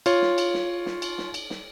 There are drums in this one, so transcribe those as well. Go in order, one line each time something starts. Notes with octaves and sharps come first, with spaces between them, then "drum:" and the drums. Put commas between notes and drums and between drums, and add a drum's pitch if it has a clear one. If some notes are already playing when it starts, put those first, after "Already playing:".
F4 C#5, drum: cymbal
drum: snare
drum: cymbal
drum: snare
drum: snare
drum: cymbal
drum: snare
drum: cymbal
drum: snare